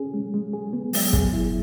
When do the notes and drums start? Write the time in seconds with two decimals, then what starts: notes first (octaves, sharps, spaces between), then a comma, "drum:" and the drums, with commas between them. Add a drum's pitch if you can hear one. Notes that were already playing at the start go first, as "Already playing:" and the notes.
Already playing: C#4 G#4
0.14 G#3
0.34 G#3
0.53 G#4
0.73 B3
0.93 F#3, drum: open hi-hat
1.13 G#4, drum: kick
1.33 E4